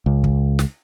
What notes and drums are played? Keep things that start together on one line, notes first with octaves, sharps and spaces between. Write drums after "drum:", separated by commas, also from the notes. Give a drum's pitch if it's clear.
C#2
drum: kick
drum: snare